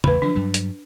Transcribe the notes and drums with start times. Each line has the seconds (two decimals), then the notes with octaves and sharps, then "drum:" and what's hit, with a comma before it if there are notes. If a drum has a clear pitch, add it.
0.04 A1 E2 A2 B4 B5, drum: tom
0.22 D3 F3 F#3 D4
0.35 G2 F#3 G3
0.54 drum: hi-hat